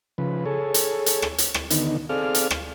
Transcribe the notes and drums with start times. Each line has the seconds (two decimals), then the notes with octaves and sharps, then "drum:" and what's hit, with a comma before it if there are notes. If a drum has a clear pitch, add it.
0.18 C#3 F3 B4
0.46 G#4 A4 C#5
0.74 drum: hi-hat
1.06 drum: hi-hat
1.22 drum: rim click
1.38 drum: hi-hat
1.54 drum: rim click
1.70 D3 D#3 B3 D#4, drum: hi-hat
2.09 C4 G#4 A4 D5 F5 F6
2.34 drum: hi-hat
2.51 drum: rim click